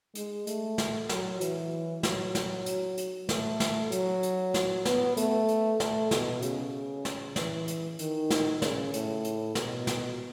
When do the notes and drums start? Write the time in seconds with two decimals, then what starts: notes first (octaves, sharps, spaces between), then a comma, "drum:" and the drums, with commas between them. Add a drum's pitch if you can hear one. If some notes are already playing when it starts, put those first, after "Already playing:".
0.15 G#3, drum: hi-hat
0.47 A3, drum: hi-hat
0.78 drum: snare
1.09 F#3, drum: snare
1.41 E3, drum: hi-hat
2.03 F#3, drum: snare
2.35 drum: snare
2.66 drum: hi-hat
2.98 drum: hi-hat
3.29 A3, drum: snare
3.60 drum: snare
3.92 F#3, drum: hi-hat
4.23 drum: hi-hat
4.54 drum: snare
4.85 B3, drum: snare
5.17 A3, drum: hi-hat
5.48 drum: hi-hat
5.80 A3, drum: snare
6.11 B2, drum: snare
6.42 C#3, drum: hi-hat
7.05 drum: snare
7.36 E3, drum: snare
7.68 drum: hi-hat
7.99 D#3, drum: hi-hat
8.30 drum: snare
8.62 C#3, drum: snare
8.94 A2, drum: hi-hat
9.24 drum: hi-hat
9.55 B2, drum: snare
9.87 drum: snare